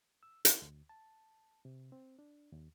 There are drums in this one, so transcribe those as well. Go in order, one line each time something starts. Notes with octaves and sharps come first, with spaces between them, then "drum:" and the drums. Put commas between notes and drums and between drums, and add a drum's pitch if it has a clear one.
E6
E4, drum: hi-hat
D2
A5
C3
C4
D4
D#2